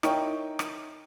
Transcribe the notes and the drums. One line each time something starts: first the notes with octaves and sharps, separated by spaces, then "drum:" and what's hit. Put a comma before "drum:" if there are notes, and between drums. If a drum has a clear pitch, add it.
D#4 E4 A#4 C#5 G5 C#6, drum: rim click
drum: rim click